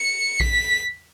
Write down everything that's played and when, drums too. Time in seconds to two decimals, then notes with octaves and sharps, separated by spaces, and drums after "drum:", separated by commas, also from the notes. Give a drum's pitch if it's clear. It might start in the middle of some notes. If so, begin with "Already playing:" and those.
Already playing: C#7
0.40 B6, drum: kick A#1